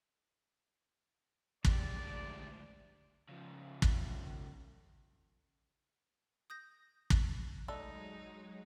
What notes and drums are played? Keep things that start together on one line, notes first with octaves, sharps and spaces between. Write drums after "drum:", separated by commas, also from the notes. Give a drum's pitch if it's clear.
D#2 A2 D3 G#3 G4 D5, drum: kick
D2 F3
C#3 F3
drum: kick
D#6 G6 A#6
drum: kick
F#3 G#3 A3 D4 D#4 E6